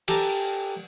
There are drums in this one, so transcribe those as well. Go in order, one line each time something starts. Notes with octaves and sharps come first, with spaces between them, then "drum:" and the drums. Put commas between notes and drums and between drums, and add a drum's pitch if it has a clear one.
G4 A4 G#5 A#5, drum: cymbal